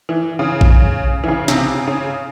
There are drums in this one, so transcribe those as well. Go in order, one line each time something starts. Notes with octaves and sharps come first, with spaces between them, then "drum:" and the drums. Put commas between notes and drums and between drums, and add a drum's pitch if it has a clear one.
E3
C#3
drum: kick A#1
E3
C#3
C3, drum: snare
C#3
C#3